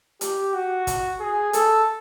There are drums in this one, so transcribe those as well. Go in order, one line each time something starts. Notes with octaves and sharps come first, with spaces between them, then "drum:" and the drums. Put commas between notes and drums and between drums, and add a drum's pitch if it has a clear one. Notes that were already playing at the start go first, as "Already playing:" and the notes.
G4, drum: hi-hat
F#4
drum: kick, hi-hat
G#4
A4, drum: hi-hat